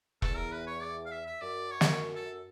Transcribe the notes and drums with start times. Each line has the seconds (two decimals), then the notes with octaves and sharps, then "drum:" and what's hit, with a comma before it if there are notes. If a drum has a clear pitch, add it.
0.22 E2 A4, drum: kick E1
0.37 A#4
0.52 B4
0.67 C#5
0.82 D5
1.06 F5
1.11 E5
1.26 E5
1.41 F#2 D5
1.71 C#5
1.81 drum: snare
2.16 A4